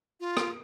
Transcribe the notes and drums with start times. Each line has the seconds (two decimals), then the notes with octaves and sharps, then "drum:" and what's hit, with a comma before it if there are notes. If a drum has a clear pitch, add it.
0.20 F4
0.37 drum: rim click